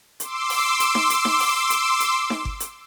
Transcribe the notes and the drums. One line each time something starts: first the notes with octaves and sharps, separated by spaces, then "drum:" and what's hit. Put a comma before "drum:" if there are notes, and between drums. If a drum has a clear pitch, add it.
C6 D6 E6, drum: hi-hat
drum: open hi-hat
drum: hi-hat
drum: snare D#4
drum: hi-hat
drum: snare D#4
drum: open hi-hat
drum: hi-hat
drum: hi-hat
drum: snare D#4
drum: kick G1
drum: hi-hat